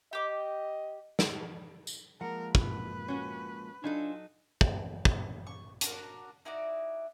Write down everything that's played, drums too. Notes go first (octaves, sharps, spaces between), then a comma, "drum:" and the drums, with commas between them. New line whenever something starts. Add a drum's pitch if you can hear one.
G4 D#5 D6
drum: snare
drum: tambourine
F3 G#3 A#3 A#4 F#5
B4, drum: kick
C#4 F#4
F#3 D4 D#4 F4 A4 C5 G#5
drum: kick
drum: kick
C#6
D4 F#4 A#4, drum: hi-hat
D#4 E4 F#4 D5